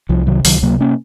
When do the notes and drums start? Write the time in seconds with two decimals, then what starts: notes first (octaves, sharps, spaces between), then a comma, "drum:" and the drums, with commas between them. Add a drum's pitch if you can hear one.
0.09 C2 F3
0.27 C3 D#3 F#3
0.45 C#2 D#3 F#3, drum: open hi-hat
0.63 C3 F#3 A#3
0.80 A#3 C#4